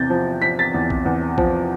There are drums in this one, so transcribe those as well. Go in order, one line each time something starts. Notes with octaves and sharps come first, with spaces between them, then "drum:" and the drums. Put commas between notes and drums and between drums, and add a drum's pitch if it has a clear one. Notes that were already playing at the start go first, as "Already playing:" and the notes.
Already playing: E2 C3 G6 A6
F3
F3 B6
A6 B6
E2
drum: kick A#1
E2
F3, drum: kick A#1